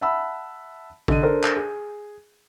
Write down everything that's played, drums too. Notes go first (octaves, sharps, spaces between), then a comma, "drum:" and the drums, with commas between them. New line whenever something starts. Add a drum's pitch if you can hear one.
E5 F#5 A5 B5 E6
D3 D#5 D#7, drum: kick A1
D4 A4 A#4 C5 D5
drum: clap
G#4